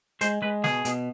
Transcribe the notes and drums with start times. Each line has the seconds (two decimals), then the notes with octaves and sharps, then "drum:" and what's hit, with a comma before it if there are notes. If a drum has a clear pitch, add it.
0.21 G#3 C5, drum: hi-hat
0.42 G#3 B4
0.64 B2 G#4, drum: snare
0.85 B2, drum: hi-hat